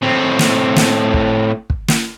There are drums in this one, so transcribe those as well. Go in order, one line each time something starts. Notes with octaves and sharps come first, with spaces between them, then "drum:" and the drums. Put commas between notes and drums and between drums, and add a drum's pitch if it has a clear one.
A2 C4
drum: snare
drum: snare
drum: kick
drum: kick
drum: snare